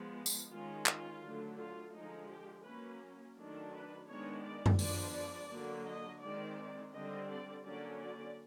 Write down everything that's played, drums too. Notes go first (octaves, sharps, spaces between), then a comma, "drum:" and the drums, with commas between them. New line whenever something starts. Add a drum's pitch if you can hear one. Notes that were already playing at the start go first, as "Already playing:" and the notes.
Already playing: F3 G#3 B3
drum: tambourine
D#3 G#3 C#4 F4
F4, drum: clap
D3 F#3 A3
F4
D3 F3 G#3 D#4
G4
F#3 A#3 C#4 B4
D#3 F#3 A3 D4
B4
D#3 G#3 B3 D4 C#5
D5
drum: tom F#2
F3 G#3 B3 D4 D5, drum: open hi-hat
D5
D3 F#3 A#3
D#5
D#3 G#3 C4 D5
D3 G3 C4 D#5
D5
D3 F#3 A#3 C#4 D5
D5